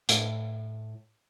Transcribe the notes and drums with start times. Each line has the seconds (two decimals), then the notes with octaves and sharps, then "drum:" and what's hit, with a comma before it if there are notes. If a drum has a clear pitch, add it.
0.09 A2, drum: hi-hat